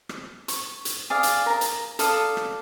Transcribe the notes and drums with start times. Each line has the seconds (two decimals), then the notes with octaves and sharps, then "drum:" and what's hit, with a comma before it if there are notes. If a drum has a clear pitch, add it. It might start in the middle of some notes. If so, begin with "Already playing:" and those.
0.09 drum: rim click
0.48 C#6, drum: hi-hat
0.85 drum: hi-hat
1.10 G#4 D5 F5
1.23 drum: hi-hat
1.46 A#4 A#5
1.61 drum: hi-hat
1.99 A4 D5 F5 D#6, drum: hi-hat
2.37 drum: rim click